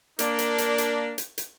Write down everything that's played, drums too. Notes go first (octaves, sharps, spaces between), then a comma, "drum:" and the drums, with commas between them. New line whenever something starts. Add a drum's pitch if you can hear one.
A#3 D4, drum: hi-hat
drum: hi-hat
drum: hi-hat
drum: hi-hat
drum: hi-hat
drum: hi-hat